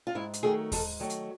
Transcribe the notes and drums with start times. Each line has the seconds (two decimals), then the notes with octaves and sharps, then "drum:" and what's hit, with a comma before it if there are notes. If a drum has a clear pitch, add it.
0.07 F4
0.15 G#2 E4
0.34 drum: hi-hat
0.43 D#3 F#3 A3 G#4
0.72 G#2 A4, drum: kick D#2, open hi-hat
1.00 D#3 F#3 A3
1.10 drum: hi-hat